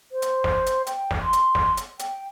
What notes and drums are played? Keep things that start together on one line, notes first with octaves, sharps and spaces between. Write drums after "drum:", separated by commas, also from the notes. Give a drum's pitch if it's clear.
C5
drum: hi-hat
drum: snare
drum: hi-hat
G5, drum: hi-hat
drum: snare
C6
drum: hi-hat
drum: snare
drum: hi-hat
G5, drum: hi-hat